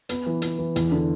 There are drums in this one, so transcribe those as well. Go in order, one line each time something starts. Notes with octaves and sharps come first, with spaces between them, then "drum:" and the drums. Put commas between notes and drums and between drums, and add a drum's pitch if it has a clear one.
B3, drum: hi-hat
E3
B3, drum: hi-hat
E3
E2, drum: hi-hat
D3